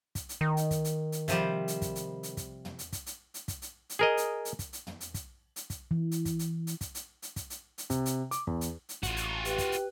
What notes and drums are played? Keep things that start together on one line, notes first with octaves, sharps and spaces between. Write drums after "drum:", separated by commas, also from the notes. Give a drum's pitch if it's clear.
drum: kick, hi-hat
drum: hi-hat
D#3
drum: hi-hat
drum: kick, hi-hat
drum: hi-hat
drum: hi-hat
C3 F3 G3, drum: kick, hi-hat
drum: hi-hat
drum: kick, hi-hat
drum: hi-hat
drum: hi-hat
drum: kick, hi-hat
drum: tom
drum: hi-hat
drum: kick, hi-hat
drum: hi-hat
drum: hi-hat
drum: kick, hi-hat
drum: hi-hat
drum: hi-hat
G#4 A#4 D#5
drum: hi-hat
drum: hi-hat
drum: kick, hi-hat
drum: hi-hat
drum: tom
drum: hi-hat
drum: kick, hi-hat
drum: hi-hat
drum: kick, hi-hat
E3
drum: hi-hat
drum: kick, hi-hat
drum: hi-hat
drum: hi-hat
drum: kick, hi-hat
drum: hi-hat
drum: hi-hat
drum: kick, hi-hat
drum: hi-hat
drum: hi-hat
C3, drum: kick, hi-hat
drum: hi-hat
D6, drum: hi-hat
E2, drum: kick
drum: hi-hat
drum: hi-hat
A1 F4 F#4, drum: kick, hi-hat
drum: hi-hat
G4 B4, drum: hi-hat
drum: kick, hi-hat
drum: hi-hat